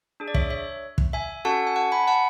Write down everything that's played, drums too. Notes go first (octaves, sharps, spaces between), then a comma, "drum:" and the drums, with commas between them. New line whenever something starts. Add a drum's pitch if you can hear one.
D4 G#4
D5
C#5 E5, drum: kick
C#5 E5
drum: kick
E5 G#5
C#4 F#4 A4 F#5 A5
G#5
F#5 A5
G#5 B5
F#5 A5